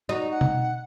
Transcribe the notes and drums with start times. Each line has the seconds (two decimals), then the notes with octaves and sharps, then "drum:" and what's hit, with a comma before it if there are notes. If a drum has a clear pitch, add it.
0.09 D#4 F#4
0.30 F#5
0.41 drum: tom B2